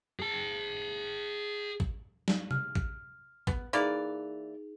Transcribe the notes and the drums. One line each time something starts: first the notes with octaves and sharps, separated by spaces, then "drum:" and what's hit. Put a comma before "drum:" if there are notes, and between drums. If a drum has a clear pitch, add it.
G#4 A5
drum: kick A1
drum: snare
F6, drum: tom C3
drum: kick A1
B3, drum: kick A1
E3 A#3 D#4 G#4 D5 F7